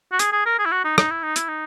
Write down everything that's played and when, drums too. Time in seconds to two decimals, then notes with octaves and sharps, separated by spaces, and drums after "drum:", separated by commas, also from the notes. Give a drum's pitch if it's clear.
0.12 F#4
0.19 G#4, drum: hi-hat
0.32 G#4
0.46 A#4
0.59 G#4
0.65 E4
0.71 F#4
0.85 D#4
0.98 D#4, drum: rim click
1.10 E4
1.23 D#4
1.36 E4, drum: hi-hat
1.48 D#4